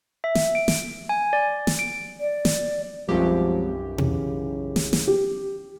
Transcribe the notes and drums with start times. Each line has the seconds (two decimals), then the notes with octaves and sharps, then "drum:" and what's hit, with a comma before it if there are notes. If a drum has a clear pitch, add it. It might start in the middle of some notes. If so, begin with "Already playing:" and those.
0.24 E5
0.35 drum: snare
0.55 D7
0.68 drum: snare
1.09 G#5
1.33 D5
1.67 drum: snare
1.79 D7
2.20 D5
2.45 drum: snare
3.09 B1 F#2 F3 G3 G#3 C4 G4
3.98 C#3 E3, drum: tom B2
4.76 drum: snare
4.93 drum: snare
5.07 G4